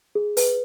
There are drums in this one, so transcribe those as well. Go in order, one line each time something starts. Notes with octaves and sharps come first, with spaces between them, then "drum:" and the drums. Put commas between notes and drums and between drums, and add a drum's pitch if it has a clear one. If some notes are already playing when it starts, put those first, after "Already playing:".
G#4
B4, drum: open hi-hat